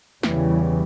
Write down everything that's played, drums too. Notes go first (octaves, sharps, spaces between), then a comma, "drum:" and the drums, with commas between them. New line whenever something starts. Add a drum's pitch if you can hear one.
E2 C#3 E3 G3, drum: snare